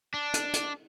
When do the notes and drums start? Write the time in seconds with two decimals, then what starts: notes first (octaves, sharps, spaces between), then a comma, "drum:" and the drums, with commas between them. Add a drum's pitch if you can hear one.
0.14 D4
0.34 drum: hi-hat
0.54 drum: hi-hat